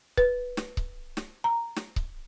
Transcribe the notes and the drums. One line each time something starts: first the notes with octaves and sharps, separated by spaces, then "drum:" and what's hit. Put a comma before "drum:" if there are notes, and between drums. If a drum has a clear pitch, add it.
B4, drum: kick C#1
drum: snare
drum: kick C#1
drum: snare
A#5
drum: snare
drum: kick C#1